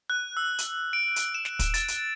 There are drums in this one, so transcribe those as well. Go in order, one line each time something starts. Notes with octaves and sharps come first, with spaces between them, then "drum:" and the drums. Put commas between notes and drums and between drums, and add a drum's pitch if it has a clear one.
F#6
E6
drum: hi-hat
D7
drum: hi-hat
E7
drum: snare
drum: kick, hi-hat
A6, drum: hi-hat
drum: hi-hat